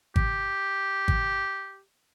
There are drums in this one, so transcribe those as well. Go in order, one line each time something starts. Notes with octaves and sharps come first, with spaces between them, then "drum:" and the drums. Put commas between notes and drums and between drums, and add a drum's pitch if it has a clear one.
G4, drum: kick G#1
drum: kick G#1